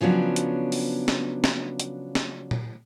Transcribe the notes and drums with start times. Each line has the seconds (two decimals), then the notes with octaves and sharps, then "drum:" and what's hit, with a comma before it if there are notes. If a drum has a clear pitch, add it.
0.01 C#3 F3 F#3 B3 D4
0.36 drum: hi-hat
0.72 drum: open hi-hat
1.08 drum: snare
1.44 drum: snare
1.80 drum: hi-hat
2.15 drum: snare
2.51 drum: tom A#2